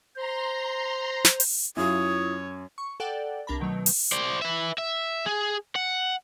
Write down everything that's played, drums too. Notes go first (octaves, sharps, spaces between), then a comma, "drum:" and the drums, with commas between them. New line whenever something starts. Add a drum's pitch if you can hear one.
C5 A#5 C6
drum: snare
drum: open hi-hat
F#2 E4 F4 C#5 D#6
C#6
A4 D5 F#5 G5
C2 D4 A#4 A5 B5
B2 D#3 F#3 A3
drum: open hi-hat
C5 D5
B4 E5
E5
G#4
F#5